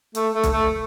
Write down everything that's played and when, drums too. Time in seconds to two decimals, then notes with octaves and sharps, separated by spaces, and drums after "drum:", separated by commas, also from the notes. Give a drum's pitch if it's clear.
0.15 A3, drum: hi-hat
0.34 A3
0.43 drum: kick B1, hi-hat
0.53 A3